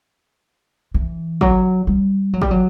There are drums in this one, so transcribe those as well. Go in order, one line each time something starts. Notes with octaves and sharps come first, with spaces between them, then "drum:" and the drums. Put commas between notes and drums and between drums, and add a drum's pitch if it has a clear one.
E3
F#3, drum: kick
G3
F#3
G3, drum: kick
F#3